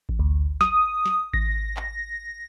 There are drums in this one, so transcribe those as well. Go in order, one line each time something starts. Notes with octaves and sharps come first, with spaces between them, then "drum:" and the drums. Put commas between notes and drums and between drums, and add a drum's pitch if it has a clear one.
drum: kick A1
D2
D#6, drum: snare
drum: snare
A#6, drum: kick A1
drum: clap